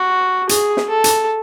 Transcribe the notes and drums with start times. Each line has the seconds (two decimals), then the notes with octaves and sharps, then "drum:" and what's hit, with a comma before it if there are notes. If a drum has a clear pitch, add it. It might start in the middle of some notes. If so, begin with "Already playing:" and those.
Already playing: F#4
0.49 G#4, drum: hi-hat
0.77 drum: snare
0.90 A4
1.04 drum: hi-hat